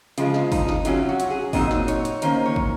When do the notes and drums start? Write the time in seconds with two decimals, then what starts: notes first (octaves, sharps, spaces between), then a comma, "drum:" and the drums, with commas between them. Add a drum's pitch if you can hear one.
0.18 C#3 F3 G#3 F4, drum: hi-hat
0.34 drum: snare
0.52 D#4, drum: kick, open hi-hat
0.68 drum: snare
0.85 C3 F#3 C#4 F4, drum: hi-hat
1.09 F#4
1.20 drum: hi-hat
1.30 G#4
1.53 A#2 F#3 C4 D#4 D#5, drum: kick, open hi-hat
1.71 drum: snare
1.88 C#5, drum: hi-hat
2.05 drum: hi-hat
2.22 D#3 A#3 C#4 C5, drum: hi-hat
2.46 C#5
2.56 drum: kick